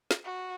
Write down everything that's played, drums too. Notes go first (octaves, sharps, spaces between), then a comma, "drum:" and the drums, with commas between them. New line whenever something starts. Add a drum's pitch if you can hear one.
drum: snare
F#4